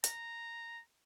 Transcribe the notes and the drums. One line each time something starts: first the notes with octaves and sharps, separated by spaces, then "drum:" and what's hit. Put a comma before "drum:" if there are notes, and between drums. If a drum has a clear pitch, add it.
A#5, drum: hi-hat